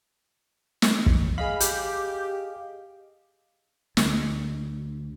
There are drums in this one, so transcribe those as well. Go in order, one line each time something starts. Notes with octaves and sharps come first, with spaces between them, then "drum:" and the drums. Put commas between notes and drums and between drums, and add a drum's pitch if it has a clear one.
drum: snare
drum: kick
G#4 D#5 F5 B5
G4, drum: hi-hat
D2, drum: snare